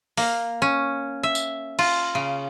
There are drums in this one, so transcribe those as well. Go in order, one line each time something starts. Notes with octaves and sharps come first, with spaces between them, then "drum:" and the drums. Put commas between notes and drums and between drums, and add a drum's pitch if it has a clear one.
A#3, drum: open hi-hat
C#4
E5
drum: tambourine
F4, drum: cymbal
C#3